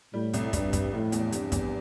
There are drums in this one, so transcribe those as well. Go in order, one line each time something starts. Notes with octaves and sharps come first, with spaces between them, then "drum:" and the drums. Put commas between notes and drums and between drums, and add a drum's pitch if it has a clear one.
A2 G3
C2, drum: hi-hat
G2 G3, drum: kick, hi-hat
G3, drum: kick, hi-hat
F1 A2
E2, drum: hi-hat
G2 C3, drum: hi-hat
E2, drum: kick, hi-hat